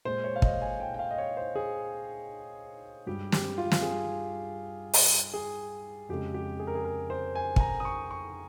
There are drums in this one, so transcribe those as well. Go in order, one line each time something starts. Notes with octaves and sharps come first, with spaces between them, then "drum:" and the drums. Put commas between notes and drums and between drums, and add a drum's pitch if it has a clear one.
A#2 G#3 C5
C#5
F5
D#5, drum: kick
G#5
G5
G5
F5
D#5
C#5
C5
G#4
G2 G3 G4
G4, drum: snare
F4
drum: snare
G#4
drum: open hi-hat
G#4
F2 C#3 G#3 G4
G4
G#4
A#4
G#4
A#4
C5
G#5
G#5, drum: kick
A#5
D#6
C#6
C#6